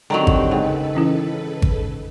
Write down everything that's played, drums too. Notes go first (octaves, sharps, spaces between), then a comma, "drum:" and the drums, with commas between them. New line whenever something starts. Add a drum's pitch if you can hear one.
D3 D#3 F#3 C4 G4 C5 G5 A#5
drum: kick G#1
G#2 C#3 A4 B4 F#5 G5
E3 C#4 E4
drum: kick G#1